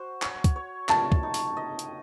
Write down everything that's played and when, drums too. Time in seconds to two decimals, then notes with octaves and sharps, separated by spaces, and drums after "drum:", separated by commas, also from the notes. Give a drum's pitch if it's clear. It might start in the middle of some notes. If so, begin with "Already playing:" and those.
Already playing: F#4 C5
0.22 C#5, drum: clap
0.44 drum: kick, hi-hat
0.56 C#5
0.89 A#4 A5, drum: clap
1.12 drum: kick
1.23 D#4
1.34 drum: open hi-hat
1.57 D#5
1.79 drum: hi-hat